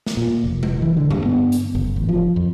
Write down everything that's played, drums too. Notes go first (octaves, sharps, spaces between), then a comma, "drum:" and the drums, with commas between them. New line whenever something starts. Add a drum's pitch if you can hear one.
drum: snare
A#2
F1
drum: tom G#3
E3
D3
G2, drum: tom G2
B3
drum: hi-hat
F#1
A1
F3
F2